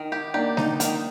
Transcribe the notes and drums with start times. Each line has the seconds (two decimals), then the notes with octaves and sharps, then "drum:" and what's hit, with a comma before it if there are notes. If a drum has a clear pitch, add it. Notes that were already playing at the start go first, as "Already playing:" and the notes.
Already playing: D#3
0.12 G4
0.34 A#3 D4 G4
0.57 D#4, drum: snare G#3
0.80 D#3, drum: hi-hat